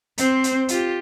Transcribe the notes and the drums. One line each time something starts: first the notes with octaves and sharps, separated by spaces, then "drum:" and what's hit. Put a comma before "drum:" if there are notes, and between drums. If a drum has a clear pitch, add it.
C4 C5, drum: hi-hat
drum: hi-hat
F4 G4, drum: hi-hat